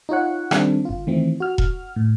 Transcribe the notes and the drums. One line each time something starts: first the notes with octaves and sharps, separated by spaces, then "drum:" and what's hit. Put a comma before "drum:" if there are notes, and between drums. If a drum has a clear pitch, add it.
D#4 F4 C#5 F#5
D#3 G3 C4 D4 A4, drum: rim click
G1 F4
D#3 E3 A3 C4
F#4 F6
drum: kick E1
A2